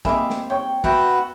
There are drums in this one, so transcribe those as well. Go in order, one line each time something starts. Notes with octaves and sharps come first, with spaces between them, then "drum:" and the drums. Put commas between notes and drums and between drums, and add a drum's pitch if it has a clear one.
A#3 C4 G4 D#5 E5 G#5 B5 D6, drum: kick
drum: snare
C#5 G5 C#6
B3 F#4 A#4 B4 E5 F#5 G5, drum: kick